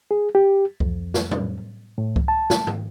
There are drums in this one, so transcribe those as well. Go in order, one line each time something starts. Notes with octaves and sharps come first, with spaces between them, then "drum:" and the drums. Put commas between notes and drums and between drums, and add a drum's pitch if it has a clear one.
G#4
G4
F2, drum: kick C#2
drum: snare
drum: tom A2
A2
drum: kick C#2
A5
drum: snare
drum: tom G#2